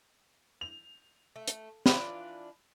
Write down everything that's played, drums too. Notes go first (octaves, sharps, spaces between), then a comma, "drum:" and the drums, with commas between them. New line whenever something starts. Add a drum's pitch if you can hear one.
F7
A3
drum: hi-hat
E3 D4 F4 B5, drum: snare